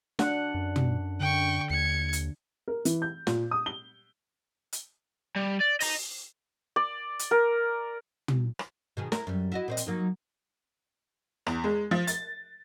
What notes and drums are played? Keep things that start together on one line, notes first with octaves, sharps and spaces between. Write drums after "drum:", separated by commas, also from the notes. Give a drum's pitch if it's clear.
D4 F#5, drum: snare
F#2
drum: tom
D3 G5 C#6
D#2 G#6 C#7
drum: hi-hat
A#4
E3, drum: hi-hat
G6
A#2, drum: snare
D#6
G7
drum: hi-hat
G3
D5
D#5 A#5, drum: open hi-hat
D5
drum: hi-hat
A#4
drum: tom
drum: rim click
B2 D#3 G#4
E4 A#4, drum: snare
F#2 G3
E4 F#4 D#5
A#2 C4 D#5
drum: hi-hat
F#3 A#3 D#4
E2, drum: rim click
G#3
F3
A6, drum: hi-hat